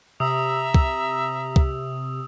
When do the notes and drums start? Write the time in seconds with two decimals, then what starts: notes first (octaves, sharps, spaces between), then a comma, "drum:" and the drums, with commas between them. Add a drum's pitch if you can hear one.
0.20 C3 E5 A#5 D#6 E6
0.74 drum: kick C2
1.56 drum: kick C2